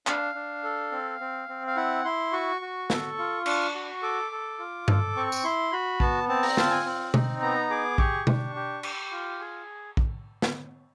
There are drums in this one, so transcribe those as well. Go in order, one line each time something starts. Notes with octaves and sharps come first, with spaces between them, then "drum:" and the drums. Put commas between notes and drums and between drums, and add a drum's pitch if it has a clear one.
D4 F5, drum: clap
D4
A4
C4
C4
C4
F5
E4 F#5
E4 C6
F#4 C#6
F#4
A4, drum: snare
F4
D4 C#6, drum: cymbal
F#4
A4 D6
A4
F4
A4, drum: tom G2
C4 C#6
drum: tambourine
E4 C6
F#4 B5
B3 A5, drum: kick A#1
C4 A5
A#5, drum: open hi-hat
F4 A5, drum: snare
G#5
C4
D#4, drum: tom B2
B3 A#5
G#4 D6
G4 C#6, drum: kick A#1
D4, drum: tom B2
G4
G4, drum: cymbal
F4
G#4
drum: kick A#1
drum: snare